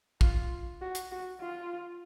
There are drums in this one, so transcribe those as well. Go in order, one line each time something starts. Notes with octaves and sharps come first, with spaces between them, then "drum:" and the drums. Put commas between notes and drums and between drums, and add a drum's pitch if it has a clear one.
F4, drum: kick
F#4
drum: hi-hat
F#4
F4